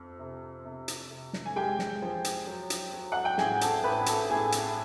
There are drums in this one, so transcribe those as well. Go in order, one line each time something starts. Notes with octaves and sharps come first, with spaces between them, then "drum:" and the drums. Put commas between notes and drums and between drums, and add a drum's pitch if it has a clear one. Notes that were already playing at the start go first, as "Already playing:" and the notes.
Already playing: F2
C3
C3
drum: hi-hat
C3
drum: snare
G#5
G#3 G4 G5
drum: snare
F3
drum: hi-hat
F#3
drum: hi-hat
F#3
F#5
G5
A1 G#4 G#5, drum: snare
A4 A5, drum: hi-hat
A1 B4 B5
A4 A5, drum: hi-hat
A2 G#4 G#5
drum: hi-hat